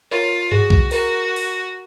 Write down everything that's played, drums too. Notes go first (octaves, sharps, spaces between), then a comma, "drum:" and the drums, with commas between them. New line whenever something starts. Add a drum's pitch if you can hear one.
F4 A#4 C#5
F#4 G#4, drum: tom G2
drum: kick B1
F#4 A#4, drum: open hi-hat
drum: open hi-hat